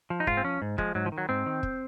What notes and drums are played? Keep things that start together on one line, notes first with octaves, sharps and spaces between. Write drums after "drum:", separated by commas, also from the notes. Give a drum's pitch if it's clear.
F3
D#4
G#2 F4, drum: kick
C4
F3 C#4
G#2
F3 G#3, drum: kick
G#2 F#3
F3
D#3
F#3
G#2 C4
D#3
drum: kick